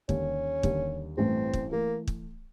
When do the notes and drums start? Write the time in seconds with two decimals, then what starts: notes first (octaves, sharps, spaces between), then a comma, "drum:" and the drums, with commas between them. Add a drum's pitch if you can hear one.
0.09 D#2 D3 G3 C#4, drum: kick
0.63 D#2 D3 G3, drum: kick
1.17 A1 G2 E3 A3 C4
1.53 drum: kick
1.72 E3 A3 A#3
2.07 drum: kick